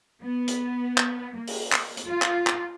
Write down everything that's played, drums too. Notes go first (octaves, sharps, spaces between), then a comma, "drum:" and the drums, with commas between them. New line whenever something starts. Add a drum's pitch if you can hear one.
B3
drum: hi-hat
drum: clap
A#3
drum: open hi-hat
drum: clap
drum: hi-hat
F4
drum: clap
drum: clap